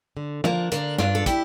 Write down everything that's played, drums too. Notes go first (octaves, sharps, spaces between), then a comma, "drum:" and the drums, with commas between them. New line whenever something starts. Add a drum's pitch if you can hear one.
D3
F3 A#3 D4, drum: tom
D3 A#3 D4, drum: hi-hat
G2 D4 F4, drum: snare
A4
E4 G4, drum: kick, hi-hat